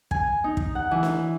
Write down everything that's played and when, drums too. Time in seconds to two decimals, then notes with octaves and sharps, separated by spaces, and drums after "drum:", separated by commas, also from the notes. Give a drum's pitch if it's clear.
0.11 G#5, drum: kick
0.44 D#4
0.57 drum: kick
0.75 F#5
0.91 E3
1.03 drum: snare